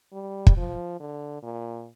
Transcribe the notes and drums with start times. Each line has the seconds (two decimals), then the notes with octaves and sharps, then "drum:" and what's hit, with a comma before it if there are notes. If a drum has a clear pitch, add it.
0.13 G3
0.47 drum: kick
0.57 F3
1.00 D3
1.43 A#2